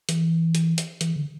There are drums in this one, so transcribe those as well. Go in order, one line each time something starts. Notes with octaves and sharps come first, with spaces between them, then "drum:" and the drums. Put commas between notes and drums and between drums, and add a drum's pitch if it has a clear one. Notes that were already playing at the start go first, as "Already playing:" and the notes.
E3, drum: hi-hat
drum: hi-hat
drum: hi-hat
E3, drum: hi-hat
D3